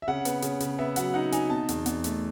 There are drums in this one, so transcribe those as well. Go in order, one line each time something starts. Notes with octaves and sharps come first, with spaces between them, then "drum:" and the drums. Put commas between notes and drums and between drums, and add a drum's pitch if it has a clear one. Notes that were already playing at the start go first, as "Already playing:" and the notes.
E5
C#3 F#5
B3, drum: hi-hat
C#3, drum: hi-hat
C#3, drum: hi-hat
B3 E5
F#3 F#5, drum: hi-hat
D#4 F#5
D#4 G#5, drum: hi-hat
B2 A5
E2, drum: hi-hat
E2, drum: hi-hat
A3, drum: hi-hat